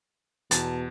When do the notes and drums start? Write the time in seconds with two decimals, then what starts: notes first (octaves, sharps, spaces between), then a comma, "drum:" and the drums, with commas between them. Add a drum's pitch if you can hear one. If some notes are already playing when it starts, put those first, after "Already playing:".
0.51 E2 B2 A5, drum: hi-hat